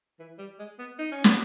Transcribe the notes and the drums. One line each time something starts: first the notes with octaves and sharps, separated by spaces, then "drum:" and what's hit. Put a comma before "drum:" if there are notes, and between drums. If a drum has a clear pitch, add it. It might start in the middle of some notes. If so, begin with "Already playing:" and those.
E3
G3
G#3
B3
D#4
C#4
B3, drum: snare